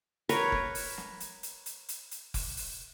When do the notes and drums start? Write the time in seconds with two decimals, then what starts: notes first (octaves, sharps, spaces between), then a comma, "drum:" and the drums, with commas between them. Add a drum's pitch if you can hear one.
0.29 A#4 B4 C#5, drum: hi-hat
0.52 drum: kick F1
0.75 drum: open hi-hat
0.98 drum: snare
1.20 drum: hi-hat
1.43 drum: hi-hat
1.66 drum: hi-hat
1.89 drum: hi-hat
2.11 drum: hi-hat
2.34 drum: kick F1, open hi-hat
2.57 drum: open hi-hat